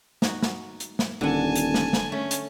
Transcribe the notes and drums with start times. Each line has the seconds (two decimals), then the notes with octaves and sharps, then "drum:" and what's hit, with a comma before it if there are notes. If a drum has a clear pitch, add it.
0.22 D#4 F#4, drum: snare
0.43 drum: snare
0.80 drum: hi-hat
0.99 drum: snare
1.21 D#1 D3 F#5 G#5 A5
1.56 drum: hi-hat
1.74 drum: snare
1.93 drum: snare
2.12 A3 C#4
2.31 drum: hi-hat